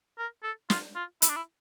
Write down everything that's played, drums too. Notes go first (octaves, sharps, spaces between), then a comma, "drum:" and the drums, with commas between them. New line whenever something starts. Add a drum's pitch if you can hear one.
A#4
A4
F4, drum: snare
F4
E4, drum: hi-hat
D4
E4